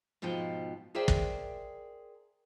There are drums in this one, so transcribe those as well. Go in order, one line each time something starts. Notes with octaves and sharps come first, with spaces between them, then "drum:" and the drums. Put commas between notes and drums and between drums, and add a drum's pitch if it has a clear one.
G#2 B2 F3 D#5 G5
G#4 A#4 C5 D5 E5 G5
drum: kick